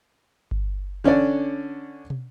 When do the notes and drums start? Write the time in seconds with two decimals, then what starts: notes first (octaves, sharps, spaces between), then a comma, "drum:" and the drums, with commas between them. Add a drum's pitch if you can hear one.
0.51 drum: kick G1
1.04 D3 C#4 D4 D5
2.10 drum: tom